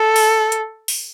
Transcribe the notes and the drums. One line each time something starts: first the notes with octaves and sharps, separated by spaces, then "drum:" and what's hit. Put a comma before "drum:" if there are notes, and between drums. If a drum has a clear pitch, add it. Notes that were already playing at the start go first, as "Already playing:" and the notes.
Already playing: A4
drum: open hi-hat
drum: hi-hat
drum: open hi-hat